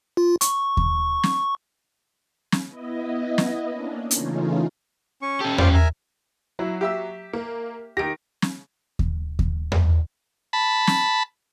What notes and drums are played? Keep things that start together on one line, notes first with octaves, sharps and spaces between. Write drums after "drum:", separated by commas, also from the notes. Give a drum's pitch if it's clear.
F4
C#6, drum: hi-hat
drum: kick D#2
drum: snare
drum: snare
B3 E4 D#5
drum: snare
A#3 C#4 D4
C#3 E3 A3 C#4 D#4 F4, drum: hi-hat
C#4 C#6
C#4 G4 A4
F4 C5 D5, drum: tom E2
A#4 E5 G#5
F#3 E4
G4 E5 E6
A#3
D#3 G4 A#6 D7
drum: snare
drum: kick D#2
drum: kick D#2
drum: tom E2
A5 B5
drum: snare